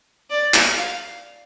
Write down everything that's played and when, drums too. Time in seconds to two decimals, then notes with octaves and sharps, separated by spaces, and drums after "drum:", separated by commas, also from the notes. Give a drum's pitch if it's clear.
0.30 D5
0.54 drum: clap
0.77 F5